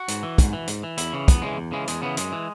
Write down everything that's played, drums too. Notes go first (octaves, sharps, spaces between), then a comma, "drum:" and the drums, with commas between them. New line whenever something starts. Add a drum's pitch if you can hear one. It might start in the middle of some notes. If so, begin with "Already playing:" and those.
Already playing: F#4
G#2, drum: hi-hat
E3
G#2, drum: kick, hi-hat
E3
G#2, drum: hi-hat
E3
E2 E4, drum: hi-hat
C#3 E3
E2 B3, drum: kick, hi-hat
C#3 E3 G#3
E2
C#3 E3 G#3
E2 G#3, drum: hi-hat
C#3 E3 B3
F#2 G#3, drum: hi-hat
E3